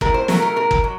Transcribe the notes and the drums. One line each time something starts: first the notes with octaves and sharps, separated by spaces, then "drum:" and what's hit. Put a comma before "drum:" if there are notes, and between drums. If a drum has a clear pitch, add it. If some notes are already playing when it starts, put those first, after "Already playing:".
A2 A#4, drum: kick
C5
F#3 A3 A#4, drum: snare
A#4
A2 A#4
drum: kick
F#3